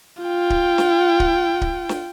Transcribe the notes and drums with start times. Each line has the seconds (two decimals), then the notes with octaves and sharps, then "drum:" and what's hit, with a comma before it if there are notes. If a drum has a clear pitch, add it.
0.22 F4 G5
0.50 drum: kick D1
0.78 drum: snare
1.20 drum: kick D1
1.61 drum: kick D1
1.89 drum: snare